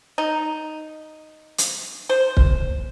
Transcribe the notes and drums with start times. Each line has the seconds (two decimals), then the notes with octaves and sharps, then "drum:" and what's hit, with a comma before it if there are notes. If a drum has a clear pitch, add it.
0.18 D#4
1.58 drum: hi-hat
2.09 C5
2.37 drum: kick